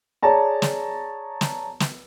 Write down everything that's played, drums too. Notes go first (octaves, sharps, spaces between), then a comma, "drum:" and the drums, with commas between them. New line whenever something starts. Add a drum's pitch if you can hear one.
G#4 C#5 D5 A5 A#5
drum: snare
drum: snare
drum: snare